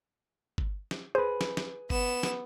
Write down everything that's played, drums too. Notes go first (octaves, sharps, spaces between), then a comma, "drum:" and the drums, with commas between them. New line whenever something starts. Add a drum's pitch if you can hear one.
drum: kick G1
drum: snare
G#4 B4 C5
drum: snare
drum: snare
B3 E7, drum: kick G1
drum: snare